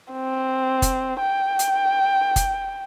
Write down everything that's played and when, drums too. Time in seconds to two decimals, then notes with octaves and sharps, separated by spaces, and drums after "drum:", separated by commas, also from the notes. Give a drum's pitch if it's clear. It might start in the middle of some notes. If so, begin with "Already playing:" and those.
0.13 C4
0.82 drum: kick F#1, hi-hat
1.21 G5
1.59 drum: hi-hat
2.36 drum: kick F#1, hi-hat